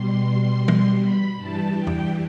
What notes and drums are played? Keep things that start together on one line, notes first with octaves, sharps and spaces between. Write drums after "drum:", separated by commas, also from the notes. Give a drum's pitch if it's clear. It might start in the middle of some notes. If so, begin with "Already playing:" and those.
Already playing: B2 G3 C6
drum: tom
B5
G2 E3 G3 A5
G5
drum: tom E2